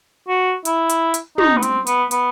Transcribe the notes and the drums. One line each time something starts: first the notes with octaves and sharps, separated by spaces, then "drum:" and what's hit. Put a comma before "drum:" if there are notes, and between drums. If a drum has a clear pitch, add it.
F#4
E4, drum: hi-hat
drum: hi-hat
drum: hi-hat
D#4, drum: tom
B3
C4, drum: hi-hat
B3, drum: hi-hat
B3, drum: hi-hat